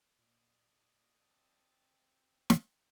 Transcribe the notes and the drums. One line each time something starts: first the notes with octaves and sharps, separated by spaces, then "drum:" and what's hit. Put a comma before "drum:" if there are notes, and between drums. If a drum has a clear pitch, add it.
A#2 D5 D#5
C4 A5 E6
drum: snare